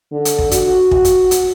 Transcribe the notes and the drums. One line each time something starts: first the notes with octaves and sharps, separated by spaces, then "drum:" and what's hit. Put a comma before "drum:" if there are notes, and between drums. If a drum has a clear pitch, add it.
D3
drum: hi-hat
drum: kick
F#4, drum: hi-hat
drum: kick
drum: hi-hat
drum: hi-hat